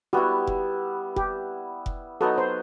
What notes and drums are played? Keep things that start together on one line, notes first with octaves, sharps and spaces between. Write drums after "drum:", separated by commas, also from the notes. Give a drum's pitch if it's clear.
G3 B3 E4 F#4
drum: kick F1
G4, drum: kick F1
drum: kick F1
F#3 B3 D#4 A4
C5